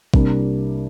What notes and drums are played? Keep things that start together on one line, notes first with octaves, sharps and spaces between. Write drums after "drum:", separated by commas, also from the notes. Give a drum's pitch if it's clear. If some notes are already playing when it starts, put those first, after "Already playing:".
C2 C3 G3 A#3 D4, drum: kick